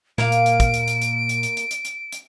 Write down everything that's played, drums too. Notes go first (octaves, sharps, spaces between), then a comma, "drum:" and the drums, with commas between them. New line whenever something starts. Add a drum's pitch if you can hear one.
A#2 A#3 F5 D7, drum: snare
drum: hi-hat
drum: hi-hat
drum: kick, hi-hat
drum: hi-hat
drum: hi-hat
drum: hi-hat
drum: hi-hat
drum: hi-hat
drum: hi-hat
drum: hi-hat
drum: hi-hat
drum: hi-hat